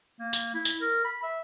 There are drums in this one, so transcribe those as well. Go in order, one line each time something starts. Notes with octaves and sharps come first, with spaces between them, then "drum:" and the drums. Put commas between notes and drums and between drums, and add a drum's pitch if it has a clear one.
A#3
drum: tambourine
E4
drum: tambourine
A#4
B5
E5